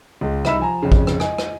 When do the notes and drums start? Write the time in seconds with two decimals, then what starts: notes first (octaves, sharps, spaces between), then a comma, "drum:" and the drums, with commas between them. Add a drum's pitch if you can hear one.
0.21 C#2 G#3
0.45 C2 D#4 E5 B5 E6 E7, drum: rim click
0.59 F3 G#5 A#5
0.82 F2 C#3
0.92 drum: kick
1.07 drum: rim click
1.20 D#5 G#5, drum: rim click
1.38 drum: rim click